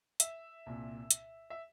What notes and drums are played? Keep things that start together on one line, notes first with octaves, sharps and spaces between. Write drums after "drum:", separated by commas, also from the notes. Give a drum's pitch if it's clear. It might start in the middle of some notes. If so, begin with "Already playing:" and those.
E5, drum: hi-hat
C2 A#2
drum: hi-hat
E5